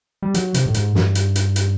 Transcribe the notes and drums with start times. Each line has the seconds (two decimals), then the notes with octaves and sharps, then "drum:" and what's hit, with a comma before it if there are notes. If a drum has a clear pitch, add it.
0.23 G3
0.34 F#3, drum: hi-hat
0.54 C3, drum: hi-hat
0.66 A2
0.74 G#2, drum: hi-hat
0.95 G2, drum: snare
1.15 drum: hi-hat
1.36 drum: hi-hat
1.56 drum: hi-hat